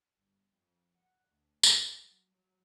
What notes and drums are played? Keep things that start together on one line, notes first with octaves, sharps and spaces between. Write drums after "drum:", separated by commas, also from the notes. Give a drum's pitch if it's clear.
G1
F2
F#5
D2
A#4, drum: tambourine
F#3
F#3